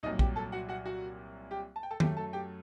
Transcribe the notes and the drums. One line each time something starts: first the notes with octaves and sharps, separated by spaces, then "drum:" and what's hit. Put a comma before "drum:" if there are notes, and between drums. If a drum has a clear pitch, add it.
C2 A#2 F#3 D#4 D#5
G4 G5, drum: kick A#1
A4 A5
F#4 F#5
F#4 F#5
F#4 F#5
G4 G5
A5
G5
A4 A5
F#2 F#3 A3 G4 G5, drum: tom D#3
A4 A5
G4 G5